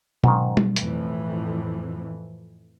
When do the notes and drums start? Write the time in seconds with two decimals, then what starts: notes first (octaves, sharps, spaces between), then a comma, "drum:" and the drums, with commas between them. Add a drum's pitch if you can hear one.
0.24 G#2 B2 D#3 F#3 C#4, drum: tom
0.57 drum: tom G3
0.76 F2 A2 E3 G5, drum: hi-hat